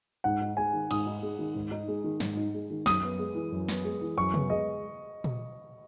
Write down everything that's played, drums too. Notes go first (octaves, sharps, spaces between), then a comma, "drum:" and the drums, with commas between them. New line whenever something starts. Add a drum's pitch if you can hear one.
G#2 F#5
D#4
G#3 G#5
D#3
G#2 D#6, drum: cymbal
D#4
G#3
D#3
G#2
D#4
G#3
D#3
G#2, drum: snare
D#4
G#3
D#3
F#2 D#6, drum: snare
B3
G#3
E3
F#2
B3, drum: snare
G#3
E3
F#2 C#6
B3, drum: tom C3
G#3 D#5
drum: tom A#2